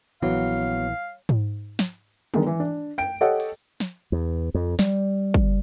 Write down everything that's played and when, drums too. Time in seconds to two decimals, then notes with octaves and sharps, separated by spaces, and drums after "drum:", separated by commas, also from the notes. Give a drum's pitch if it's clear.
0.23 A#1 E3 F#3 B3 F5
1.29 drum: tom G#2
1.79 drum: snare
2.34 D3 D#3 G#3 B3, drum: tom F#3
2.46 E3
2.60 D4
2.98 G5 D7
3.21 G4 A4 C#5 D#5 F#5 G5
3.40 drum: open hi-hat
3.80 drum: snare
4.12 E2
4.54 F2
4.79 G3, drum: snare
5.34 drum: kick